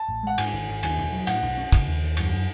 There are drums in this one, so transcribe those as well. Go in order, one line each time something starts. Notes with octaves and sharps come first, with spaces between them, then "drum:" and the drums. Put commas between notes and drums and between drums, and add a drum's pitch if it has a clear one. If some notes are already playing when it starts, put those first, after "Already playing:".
Already playing: A5
A1
G#3 F#5
G#2 G#5, drum: cymbal
G#1
G#1
D#2 G#5, drum: cymbal
E1
F#3
A2 F#5, drum: cymbal
B1
C#4
C#3, drum: kick, cymbal
D#2
D#2
F#2, drum: cymbal